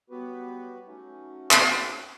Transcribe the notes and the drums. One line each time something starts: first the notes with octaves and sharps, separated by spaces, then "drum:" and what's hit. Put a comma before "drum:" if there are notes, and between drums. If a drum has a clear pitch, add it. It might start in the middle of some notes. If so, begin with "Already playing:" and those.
F#3 G3 B3 F#4 G4 B4
F#3 A3 C#4 D#4
drum: clap